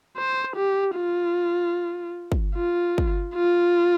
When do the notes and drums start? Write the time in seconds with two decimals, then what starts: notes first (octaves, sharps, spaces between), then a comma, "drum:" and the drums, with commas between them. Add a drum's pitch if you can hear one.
0.17 C5
0.56 G4
0.96 F4
2.32 drum: kick
2.55 F4
2.98 drum: kick
3.35 F4